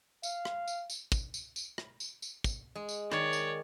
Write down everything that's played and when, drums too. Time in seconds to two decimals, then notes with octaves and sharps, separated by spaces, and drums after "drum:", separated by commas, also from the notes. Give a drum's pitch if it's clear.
0.23 F5, drum: tambourine
0.45 drum: rim click
0.68 drum: tambourine
0.90 drum: tambourine
1.12 drum: kick, tambourine
1.34 drum: tambourine
1.56 drum: tambourine
1.78 drum: rim click
2.00 drum: tambourine
2.22 drum: tambourine
2.44 drum: kick, tambourine
2.75 G#3
2.89 drum: tambourine
3.12 D#3 C#5 D5, drum: rim click
3.33 drum: tambourine